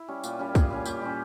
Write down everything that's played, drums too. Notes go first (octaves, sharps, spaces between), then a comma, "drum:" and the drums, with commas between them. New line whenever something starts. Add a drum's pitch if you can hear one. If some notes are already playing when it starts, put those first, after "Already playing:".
Already playing: E4
G3 C#4
A#2, drum: tambourine
G3 C#4
A#2 G#4, drum: kick, tambourine
G3 C#4
A#2 G4, drum: tambourine
G3 C#4